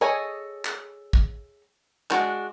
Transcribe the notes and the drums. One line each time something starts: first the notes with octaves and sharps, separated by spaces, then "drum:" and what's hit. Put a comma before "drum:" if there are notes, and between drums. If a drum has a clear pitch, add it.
G#4 A4 C#5 D#5 G#5
drum: clap
drum: kick
G#3 D4 F#4, drum: clap